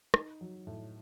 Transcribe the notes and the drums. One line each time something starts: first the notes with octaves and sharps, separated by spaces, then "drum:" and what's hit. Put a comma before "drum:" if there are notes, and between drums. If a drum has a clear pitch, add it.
D#4, drum: rim click
F#3
A2